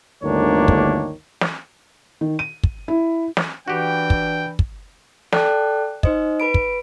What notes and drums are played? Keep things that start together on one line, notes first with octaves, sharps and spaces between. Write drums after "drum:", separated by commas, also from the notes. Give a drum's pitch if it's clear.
G1 D2 D#3 A#3 D4 C#5
drum: kick
drum: snare
D#3
D#7
drum: kick
E4
drum: snare
E3 D4 F#4 G4 G5
drum: kick
drum: kick
A4 D5 G5 A5 F#6, drum: snare
D#4 C5 D#5, drum: kick
B4 B5 D7
drum: kick